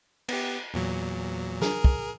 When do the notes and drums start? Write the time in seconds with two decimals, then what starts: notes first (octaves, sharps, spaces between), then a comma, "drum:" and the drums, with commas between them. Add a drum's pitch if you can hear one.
0.29 B3 G4, drum: cymbal
0.74 E2 A#2 F#3
1.62 G#4 A#4, drum: snare
1.84 drum: kick